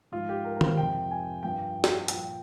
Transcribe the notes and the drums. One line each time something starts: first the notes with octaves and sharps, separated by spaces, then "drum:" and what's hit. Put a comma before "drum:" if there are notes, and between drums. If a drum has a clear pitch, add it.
G#2 F3 F4
G4
A#4
A#4
C5, drum: tom D#3
F2 C3 F3 G5
G#5
G2 F3 G5
drum: snare
A#2 F3 G5, drum: hi-hat